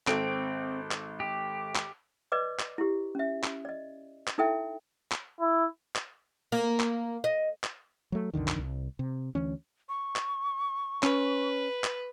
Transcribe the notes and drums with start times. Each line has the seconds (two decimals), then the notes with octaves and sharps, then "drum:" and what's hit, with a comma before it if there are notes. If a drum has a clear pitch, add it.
0.07 G#1 C4 A4 D7, drum: clap
0.91 drum: clap
1.20 G4
1.75 drum: clap
2.32 B4 D5 D#5 D6
2.59 drum: clap
2.78 E4 G4
3.15 C#4 E5
3.43 drum: clap
3.65 D5 D#5
4.28 drum: clap
4.38 D#4 E4 A4 E5 G5
5.12 drum: clap
5.40 E4
5.96 drum: clap
6.52 A#3
6.80 drum: clap
7.24 D#5
7.64 drum: clap
8.12 F#3 A3
8.34 B1 F2 D3 D#3
8.48 drum: clap
8.59 C2
8.99 C3
9.35 D2 E3 C#4
9.89 C#6
10.16 drum: clap
11.03 C#4 B4, drum: clap
11.84 drum: clap